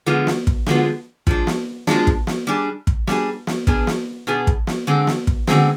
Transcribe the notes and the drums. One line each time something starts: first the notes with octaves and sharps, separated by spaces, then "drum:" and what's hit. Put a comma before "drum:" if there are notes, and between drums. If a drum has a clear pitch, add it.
D3 F3 G#3 B3 F4
drum: snare
drum: kick
D3 F3 G#3 B3 F4, drum: snare
F3 G#3 D4, drum: kick
drum: snare
F3 G#3 D4, drum: snare
drum: kick
drum: snare
G3 D4 G#4
drum: kick
G3 D4 G#4, drum: snare
drum: snare
B2 B3 D4 G#4, drum: kick
drum: snare
B2 B3 D4 G#4
drum: kick
drum: snare
D3 G#3 C4
drum: snare
drum: kick
D3 G#3 C4, drum: snare